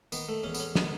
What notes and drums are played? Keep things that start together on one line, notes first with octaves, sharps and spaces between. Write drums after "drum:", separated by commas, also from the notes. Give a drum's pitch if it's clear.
D#3 B3, drum: tambourine
A3
E2 C#4
B3, drum: tambourine
C#4
D#3 B3, drum: snare